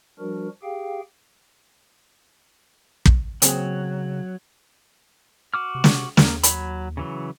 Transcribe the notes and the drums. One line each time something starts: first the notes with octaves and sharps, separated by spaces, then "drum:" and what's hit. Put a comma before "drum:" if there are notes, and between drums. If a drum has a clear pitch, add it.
F3 G3 D4 F#4 A#4
G4 G#4 F5 G5
drum: kick
C#3 F#3 A#3 C4 G#4, drum: hi-hat
F#4 D6 F6
C3
drum: snare
D#2 A#3 A#4, drum: snare
F#3 B5, drum: hi-hat
C#3 E3 F#3